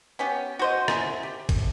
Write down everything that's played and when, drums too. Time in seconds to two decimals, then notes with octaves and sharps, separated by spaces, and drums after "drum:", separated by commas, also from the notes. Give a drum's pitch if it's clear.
0.19 B3 C#4 G4
0.59 F#4 C5 D#5
0.88 C#4 D#5 E5, drum: rim click
1.23 G4
1.49 drum: kick, cymbal